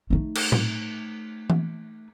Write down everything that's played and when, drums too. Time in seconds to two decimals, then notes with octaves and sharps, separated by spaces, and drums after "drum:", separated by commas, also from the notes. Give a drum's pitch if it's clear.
0.10 A3 D#4
0.35 drum: cymbal
0.52 drum: tom A2
1.50 drum: tom E3